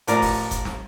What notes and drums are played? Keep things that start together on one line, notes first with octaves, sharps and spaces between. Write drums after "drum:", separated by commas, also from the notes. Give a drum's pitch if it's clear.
A1 F3 A#4 D5 A#5, drum: hi-hat
drum: kick F1, open hi-hat
drum: kick F1, hi-hat
drum: snare